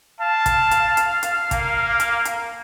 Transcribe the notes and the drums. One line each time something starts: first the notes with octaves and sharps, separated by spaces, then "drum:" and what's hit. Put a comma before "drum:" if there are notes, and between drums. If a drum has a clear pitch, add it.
F5 A5
drum: kick, hi-hat
drum: hi-hat
drum: hi-hat
drum: hi-hat
A#3, drum: kick, hi-hat
drum: hi-hat
drum: hi-hat